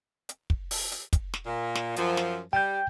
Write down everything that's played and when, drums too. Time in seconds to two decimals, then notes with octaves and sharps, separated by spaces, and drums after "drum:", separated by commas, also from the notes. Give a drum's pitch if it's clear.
0.29 drum: hi-hat
0.50 drum: kick
0.71 drum: open hi-hat
0.92 drum: hi-hat
1.13 drum: kick, hi-hat
1.34 drum: snare
1.46 A#2
1.75 drum: snare
1.96 F#2 F3, drum: hi-hat
2.17 drum: snare
2.53 G3 G5 G6